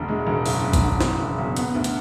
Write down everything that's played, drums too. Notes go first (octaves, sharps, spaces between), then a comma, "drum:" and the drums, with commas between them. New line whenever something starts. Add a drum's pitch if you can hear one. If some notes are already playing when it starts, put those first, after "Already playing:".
Already playing: E1 D2 D3
G#3
E1
F#1, drum: open hi-hat
F#1
drum: kick A#1, hi-hat
D3
E2, drum: snare
F#1
F#1
B3, drum: hi-hat
D2
drum: hi-hat